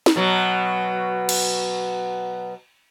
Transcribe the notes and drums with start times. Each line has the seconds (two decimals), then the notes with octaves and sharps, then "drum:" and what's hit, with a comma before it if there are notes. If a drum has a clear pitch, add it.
0.06 drum: snare
0.16 B2 F#3
1.29 drum: cymbal